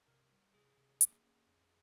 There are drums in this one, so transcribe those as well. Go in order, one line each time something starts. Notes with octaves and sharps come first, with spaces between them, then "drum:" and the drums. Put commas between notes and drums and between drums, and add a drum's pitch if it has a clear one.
C3 A#4
G3
C3 G#4
C3
A#3, drum: hi-hat
C#4
F2